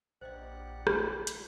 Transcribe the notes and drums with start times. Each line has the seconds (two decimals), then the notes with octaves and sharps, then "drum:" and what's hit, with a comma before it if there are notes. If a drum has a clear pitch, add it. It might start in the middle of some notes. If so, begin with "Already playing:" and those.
0.21 A#1 G4 C5 D5 D#5 F#5
0.87 drum: rim click
1.27 drum: hi-hat